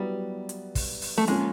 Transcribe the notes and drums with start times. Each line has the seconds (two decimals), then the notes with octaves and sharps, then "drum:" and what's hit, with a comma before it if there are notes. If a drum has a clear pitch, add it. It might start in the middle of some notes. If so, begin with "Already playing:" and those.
Already playing: F#3 G3 B3 E4
0.49 drum: hi-hat
0.75 drum: kick, open hi-hat
1.02 drum: open hi-hat
1.18 A3
1.27 F3 G#3 A#3 C#4 F4, drum: hi-hat